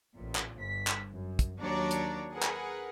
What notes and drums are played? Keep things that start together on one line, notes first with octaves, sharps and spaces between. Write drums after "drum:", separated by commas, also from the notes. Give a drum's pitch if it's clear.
A1 A#2
drum: clap
G1 B6
drum: clap
F#2
drum: kick, hi-hat
D#2 F#3 D4 C#5 D5 A#5
drum: hi-hat
G#4 A#4 B4 F#5
drum: clap